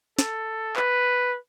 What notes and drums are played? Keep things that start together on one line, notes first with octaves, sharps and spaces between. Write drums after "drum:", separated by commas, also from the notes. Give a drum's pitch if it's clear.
A4, drum: snare
B4, drum: clap